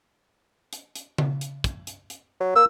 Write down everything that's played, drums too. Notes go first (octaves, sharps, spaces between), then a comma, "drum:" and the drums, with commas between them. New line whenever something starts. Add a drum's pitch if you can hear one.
drum: hi-hat
drum: hi-hat
drum: tom C#3
drum: hi-hat
drum: kick, hi-hat
drum: hi-hat
drum: hi-hat
F#3
A#3 E6